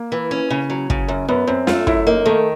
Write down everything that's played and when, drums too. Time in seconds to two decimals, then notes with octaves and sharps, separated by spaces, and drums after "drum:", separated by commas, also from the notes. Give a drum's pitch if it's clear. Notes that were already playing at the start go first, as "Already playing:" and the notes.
Already playing: A#3
0.12 E3
0.31 C#4
0.50 C#3
0.70 F#3
0.90 C#3, drum: kick
1.08 F#2
1.28 F#2 B3
1.47 F#2 C4
1.67 A3 F4, drum: snare
1.87 F#2 E4, drum: kick
2.06 A#3 D#4
2.26 D#3 A3